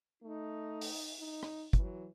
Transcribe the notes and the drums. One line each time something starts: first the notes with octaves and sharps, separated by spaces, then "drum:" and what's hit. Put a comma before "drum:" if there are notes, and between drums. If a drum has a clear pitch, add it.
A3 D#4
drum: open hi-hat
D#4
drum: rim click
E3 F#3, drum: kick, hi-hat